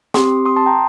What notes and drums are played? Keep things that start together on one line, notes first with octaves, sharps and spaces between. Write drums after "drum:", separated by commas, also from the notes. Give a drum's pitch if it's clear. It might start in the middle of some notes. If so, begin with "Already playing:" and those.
C4 G4 C6 D#6, drum: snare
C6 D#6
A5 C6
G5 A#5